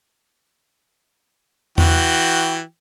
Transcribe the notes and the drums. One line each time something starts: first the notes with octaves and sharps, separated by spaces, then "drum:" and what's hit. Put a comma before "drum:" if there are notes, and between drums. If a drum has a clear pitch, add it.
E3 F#4 G5, drum: tom E2